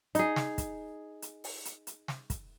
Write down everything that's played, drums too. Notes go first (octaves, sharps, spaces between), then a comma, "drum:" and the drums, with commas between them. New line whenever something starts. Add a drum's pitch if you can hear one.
D#4 G#4, drum: hi-hat
drum: snare
drum: kick, hi-hat
drum: hi-hat
drum: open hi-hat
drum: hi-hat
drum: hi-hat
drum: snare
drum: kick, hi-hat